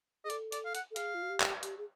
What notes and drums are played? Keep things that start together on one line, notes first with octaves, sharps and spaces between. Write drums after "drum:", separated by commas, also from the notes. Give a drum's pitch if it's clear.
G#4 D#5
A4 D5, drum: hi-hat
D5, drum: hi-hat
F5
F#5, drum: hi-hat
A4
G#4 F5, drum: hi-hat
F4
F#4
G4
drum: clap
G4, drum: hi-hat
G#4